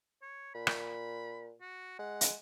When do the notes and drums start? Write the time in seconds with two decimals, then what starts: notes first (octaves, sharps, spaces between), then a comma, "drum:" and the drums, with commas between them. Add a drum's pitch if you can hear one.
0.22 C#5
0.54 A#2 B5
0.67 drum: rim click
1.61 F#4
1.99 G#3 F#5
2.21 drum: hi-hat